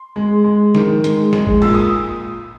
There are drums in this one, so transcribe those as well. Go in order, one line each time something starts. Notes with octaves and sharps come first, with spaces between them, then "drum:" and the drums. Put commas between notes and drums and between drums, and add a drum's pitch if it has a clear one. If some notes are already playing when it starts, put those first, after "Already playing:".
Already playing: C6
G#3
G#3
D#3, drum: snare
G#3, drum: hi-hat
G#3, drum: snare
drum: kick
A#2 E6, drum: cymbal
D#6